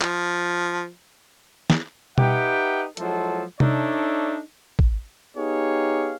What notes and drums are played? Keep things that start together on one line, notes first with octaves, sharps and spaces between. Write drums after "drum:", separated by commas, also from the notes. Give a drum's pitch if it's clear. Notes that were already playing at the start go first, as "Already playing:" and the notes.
F3, drum: clap
drum: snare
D#4 G4 B4 E5 F#5 G5, drum: tom B2
F3 F#3 G#3 E4 A4, drum: hi-hat
D4 D#4 A4 C#5 D5 E5, drum: tom C3
drum: kick
B3 D#4 G4 G#4 C#5 F5